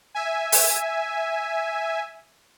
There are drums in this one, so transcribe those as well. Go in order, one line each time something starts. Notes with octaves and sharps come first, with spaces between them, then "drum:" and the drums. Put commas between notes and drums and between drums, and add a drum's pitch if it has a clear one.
E5 G#5
drum: open hi-hat